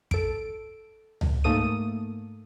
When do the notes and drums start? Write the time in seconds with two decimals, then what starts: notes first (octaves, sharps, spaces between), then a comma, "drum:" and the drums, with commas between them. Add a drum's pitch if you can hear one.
0.11 A4 D7, drum: kick
1.21 drum: tom C#2
1.44 G#2 A3 A#3 A4 D#6 D#7